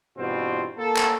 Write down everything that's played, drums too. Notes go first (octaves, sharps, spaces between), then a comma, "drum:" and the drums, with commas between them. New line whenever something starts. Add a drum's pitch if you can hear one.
G2 B2 E3 C4 F4
A#3 A4
drum: clap